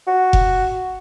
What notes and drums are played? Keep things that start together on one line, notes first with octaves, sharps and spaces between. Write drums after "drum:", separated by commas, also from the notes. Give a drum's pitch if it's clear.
F#4
drum: kick F1